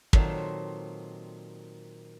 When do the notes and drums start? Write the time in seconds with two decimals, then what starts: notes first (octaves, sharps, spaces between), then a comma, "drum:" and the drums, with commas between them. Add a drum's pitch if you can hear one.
0.13 A#2 D#3 F#3 C4 A4, drum: kick